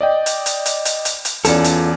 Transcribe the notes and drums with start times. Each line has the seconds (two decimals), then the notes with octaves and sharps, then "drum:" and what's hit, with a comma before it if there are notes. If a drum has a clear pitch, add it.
0.01 D5 D#5 G5
0.26 drum: hi-hat
0.46 drum: hi-hat
0.66 drum: hi-hat
0.85 drum: hi-hat
1.05 drum: hi-hat
1.25 drum: hi-hat
1.45 E2 C#4 F4 A4 D5, drum: hi-hat
1.64 drum: hi-hat